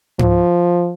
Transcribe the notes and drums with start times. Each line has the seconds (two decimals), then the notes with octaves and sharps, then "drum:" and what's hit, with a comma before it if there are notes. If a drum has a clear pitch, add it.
0.19 F3, drum: tom G#2